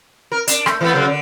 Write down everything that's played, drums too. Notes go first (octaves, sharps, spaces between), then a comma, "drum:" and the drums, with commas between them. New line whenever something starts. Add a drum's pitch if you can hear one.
A#4
D4, drum: hi-hat
A3, drum: rim click
E3 A3 B3
C#3 F#3 A#3
D3